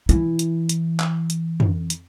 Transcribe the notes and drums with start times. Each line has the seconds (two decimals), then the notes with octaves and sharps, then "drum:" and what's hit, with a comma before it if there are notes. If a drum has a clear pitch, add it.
0.09 E3 E4, drum: hi-hat
0.39 drum: hi-hat
0.69 drum: hi-hat
1.00 drum: clap
1.30 drum: hi-hat
1.60 drum: tom
1.90 drum: hi-hat